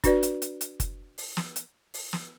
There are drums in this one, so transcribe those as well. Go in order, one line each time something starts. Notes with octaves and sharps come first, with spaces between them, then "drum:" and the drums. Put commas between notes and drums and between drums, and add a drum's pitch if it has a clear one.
D4 F#4 B4 D5, drum: kick F#1, hi-hat
drum: hi-hat
drum: hi-hat
drum: hi-hat
drum: kick F#1, hi-hat
drum: open hi-hat
drum: snare
drum: hi-hat
drum: open hi-hat
drum: snare